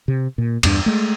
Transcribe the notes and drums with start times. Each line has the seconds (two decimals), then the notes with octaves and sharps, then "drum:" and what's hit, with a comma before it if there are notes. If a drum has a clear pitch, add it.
0.08 C3
0.38 A#2
0.63 E2 G2 D4, drum: cymbal
0.86 G#3 A3